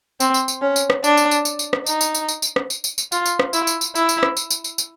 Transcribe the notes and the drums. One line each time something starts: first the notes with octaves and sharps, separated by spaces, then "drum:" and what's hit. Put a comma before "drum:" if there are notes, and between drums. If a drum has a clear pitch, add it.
C4, drum: tambourine
drum: tambourine
drum: tambourine
C#4
drum: tambourine
drum: rim click
D4, drum: tambourine
drum: tambourine
drum: tambourine
drum: tambourine
drum: tambourine
drum: rim click
D#4, drum: tambourine
drum: tambourine
drum: tambourine
drum: tambourine
drum: tambourine
drum: rim click
drum: tambourine
drum: tambourine
drum: tambourine
F4, drum: tambourine
drum: tambourine
drum: rim click
E4, drum: tambourine
drum: tambourine
drum: tambourine
E4, drum: tambourine
drum: tambourine
drum: rim click
drum: tambourine
drum: tambourine
drum: tambourine
drum: tambourine